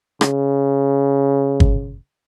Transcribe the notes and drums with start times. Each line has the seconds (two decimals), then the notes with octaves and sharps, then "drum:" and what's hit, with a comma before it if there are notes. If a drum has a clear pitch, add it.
0.21 C#3, drum: rim click
1.60 drum: kick G1